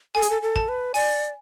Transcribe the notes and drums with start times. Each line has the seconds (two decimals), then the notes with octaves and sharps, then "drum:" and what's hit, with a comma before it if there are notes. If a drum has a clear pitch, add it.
0.15 A4 G#5
0.22 G#4, drum: hi-hat
0.30 A4
0.42 A4
0.56 A5, drum: kick
0.69 B4
0.94 D5 G#5, drum: open hi-hat